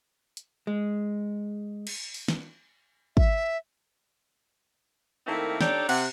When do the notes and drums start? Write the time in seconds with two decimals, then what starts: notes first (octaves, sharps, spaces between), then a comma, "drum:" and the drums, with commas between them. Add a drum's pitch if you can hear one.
0.37 drum: hi-hat
0.67 G#3
1.87 drum: cymbal
2.14 drum: open hi-hat
2.28 drum: snare
3.17 E5, drum: kick
5.27 D#3 A3 A#3 C4 E4
5.61 D4 D#4 G4 A4 C#5 D5, drum: snare
5.89 C3 F#5, drum: cymbal